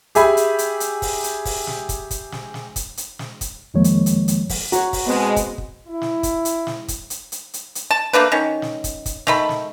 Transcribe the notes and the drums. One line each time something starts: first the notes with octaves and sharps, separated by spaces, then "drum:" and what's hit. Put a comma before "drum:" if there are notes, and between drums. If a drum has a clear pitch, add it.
G4 G#4 E5 G#5 B5, drum: hi-hat
drum: hi-hat
drum: hi-hat
drum: hi-hat
drum: kick, open hi-hat
drum: hi-hat
drum: kick, open hi-hat
drum: snare
drum: kick, hi-hat
drum: kick, hi-hat
drum: snare
drum: snare
drum: kick, hi-hat
drum: hi-hat
drum: snare
drum: kick, hi-hat
F2 D#3 F3 G#3 A#3 C#5
drum: hi-hat
drum: hi-hat
drum: hi-hat
drum: kick, open hi-hat
F#4 C#5 F#5 A#5, drum: hi-hat
drum: kick, open hi-hat
B2 G#3 B3 C4
drum: kick, hi-hat
drum: kick
E4
drum: snare
drum: kick, hi-hat
drum: hi-hat
drum: snare
drum: kick, hi-hat
drum: hi-hat
drum: hi-hat
drum: hi-hat
drum: hi-hat
A5
A3 A#3 D4 B4
D#3 C#4
drum: snare
drum: kick, hi-hat
drum: kick, hi-hat
D#3 A3 B5, drum: snare
drum: snare